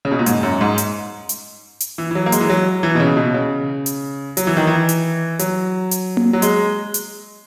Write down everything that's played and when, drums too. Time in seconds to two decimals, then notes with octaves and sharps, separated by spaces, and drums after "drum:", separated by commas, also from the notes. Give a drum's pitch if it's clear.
0.05 C#3
0.12 B2
0.19 A#2
0.26 G#2, drum: hi-hat
0.43 F#2
0.61 G#2
0.78 drum: hi-hat
1.29 drum: hi-hat
1.80 drum: hi-hat
1.98 E3
2.11 E3
2.15 F#3
2.26 A#3
2.32 G#3, drum: hi-hat
2.40 E3
2.50 F#3
2.83 E3
2.95 B2
3.00 C#3
3.17 B2
3.34 C#3
3.86 drum: hi-hat
4.37 F#3, drum: hi-hat
4.47 E3
4.57 D#3
4.67 E3
4.89 drum: hi-hat
5.39 F#3, drum: hi-hat
5.91 drum: hi-hat
6.17 drum: tom A#3
6.33 F#3
6.42 G#3, drum: hi-hat
6.94 drum: hi-hat